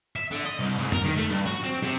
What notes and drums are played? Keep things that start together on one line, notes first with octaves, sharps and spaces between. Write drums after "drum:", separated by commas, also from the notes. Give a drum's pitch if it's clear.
E5
D3
D#5
C2
G#2, drum: cymbal
A#4, drum: tom F2
D#3, drum: cymbal
A3
G2, drum: cymbal
F#4, drum: snare
C4
C3, drum: snare